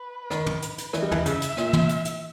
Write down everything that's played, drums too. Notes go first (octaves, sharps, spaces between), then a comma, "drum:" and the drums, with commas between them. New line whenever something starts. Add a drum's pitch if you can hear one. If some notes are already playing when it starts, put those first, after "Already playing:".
Already playing: B4
D#3, drum: rim click
drum: tom
drum: hi-hat
drum: hi-hat
E3 D#5, drum: rim click
G3
E3, drum: tom
C#3 E5, drum: hi-hat
drum: hi-hat
A#2, drum: rim click
drum: tom
drum: hi-hat
drum: hi-hat